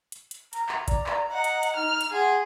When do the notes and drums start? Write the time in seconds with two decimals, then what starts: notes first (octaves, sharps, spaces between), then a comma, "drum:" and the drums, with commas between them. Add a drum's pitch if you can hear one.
0.12 drum: hi-hat
0.31 drum: hi-hat
0.53 A#5, drum: hi-hat
0.69 drum: clap
0.88 D5, drum: kick G#1, hi-hat
1.06 drum: clap
1.33 D#5 F#5
1.44 drum: hi-hat
1.63 drum: hi-hat
1.76 D#4 F6
2.01 drum: hi-hat
2.13 G#4 F#5 C6